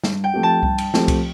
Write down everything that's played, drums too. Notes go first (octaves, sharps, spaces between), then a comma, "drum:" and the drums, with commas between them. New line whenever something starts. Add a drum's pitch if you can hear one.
G2, drum: snare
G5
F3 A3 C4 G4
A5
G2, drum: kick C2
drum: cymbal
F3 A3 C4 G4, drum: snare
drum: kick C2, cymbal